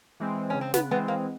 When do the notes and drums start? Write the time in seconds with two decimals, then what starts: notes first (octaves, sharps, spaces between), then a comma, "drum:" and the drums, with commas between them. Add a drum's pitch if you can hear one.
0.20 E3 G#3 C4
0.50 C#3 C#4
0.61 C4
0.74 B3, drum: snare
0.91 E3 G#3 B3 C4
1.08 A#3